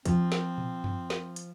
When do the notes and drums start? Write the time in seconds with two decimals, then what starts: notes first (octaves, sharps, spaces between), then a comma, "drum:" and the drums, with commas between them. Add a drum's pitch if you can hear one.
0.05 F3 C4, drum: kick, hi-hat
0.32 drum: snare
0.58 drum: tom A#2
0.84 drum: tom F#2
1.10 drum: snare
1.36 drum: hi-hat